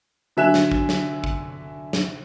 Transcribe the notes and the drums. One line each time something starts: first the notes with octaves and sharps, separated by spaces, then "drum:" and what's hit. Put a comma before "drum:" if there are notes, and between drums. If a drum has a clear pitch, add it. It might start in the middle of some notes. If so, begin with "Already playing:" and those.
D3 F#3 E5 G#5 F#6 E7
drum: snare
drum: kick
drum: snare
drum: kick
drum: snare